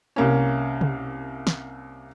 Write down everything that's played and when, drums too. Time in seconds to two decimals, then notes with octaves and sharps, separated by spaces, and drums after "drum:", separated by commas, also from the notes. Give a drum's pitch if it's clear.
0.16 C2 A#3 C#4
0.81 drum: tom
1.47 drum: snare